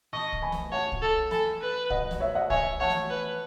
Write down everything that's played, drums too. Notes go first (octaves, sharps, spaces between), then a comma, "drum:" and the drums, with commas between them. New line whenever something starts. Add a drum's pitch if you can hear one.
D#5 A5 C#6
drum: kick
G#5 B5
drum: snare
C#5 F#5 A5
drum: kick
A4
A4 G#5 B5, drum: snare
B4
D#5 F#5, drum: kick
drum: snare
C#5 E5
D#5 F#5
C#5 E5 G#5, drum: kick
C#5 F#5 A5
drum: snare
B4